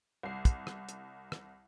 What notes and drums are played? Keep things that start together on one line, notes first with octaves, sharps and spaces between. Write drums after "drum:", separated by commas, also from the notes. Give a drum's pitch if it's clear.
C2 C7
drum: kick, hi-hat
drum: rim click
drum: hi-hat
drum: rim click